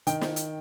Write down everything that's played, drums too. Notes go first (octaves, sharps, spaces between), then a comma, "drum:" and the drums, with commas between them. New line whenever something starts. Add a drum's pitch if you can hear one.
D#3 G5, drum: hi-hat
drum: snare
drum: hi-hat